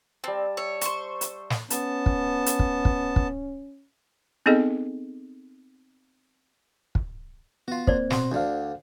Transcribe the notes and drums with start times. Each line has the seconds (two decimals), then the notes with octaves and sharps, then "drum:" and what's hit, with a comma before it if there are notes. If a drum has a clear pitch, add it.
0.24 G3 C4 A5
0.57 C#5 E5
0.81 C5 C#6, drum: hi-hat
1.21 drum: hi-hat
1.50 drum: snare
1.70 B3 C#4 A5, drum: hi-hat
2.06 drum: kick
2.46 drum: hi-hat
2.59 drum: kick
2.85 drum: kick
3.16 drum: kick
4.46 B3 C4 D#4 G#4 A4 D#5
6.95 drum: kick
7.68 B3 F4 F#4
7.87 A#3 C4 C5 D5, drum: kick
8.10 B2 C4 F#4 C6, drum: snare
8.32 D2 D3 A4 F5